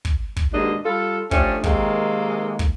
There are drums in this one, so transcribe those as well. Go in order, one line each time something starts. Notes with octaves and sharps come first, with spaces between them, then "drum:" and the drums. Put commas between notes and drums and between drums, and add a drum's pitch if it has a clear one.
drum: kick
drum: kick
D#2 G#2 B2 D4 D#5
G3 F4 A4
F3 A3 C#4 D4 G4, drum: kick
C3 D#3 G#3 A#3 A4, drum: kick
drum: kick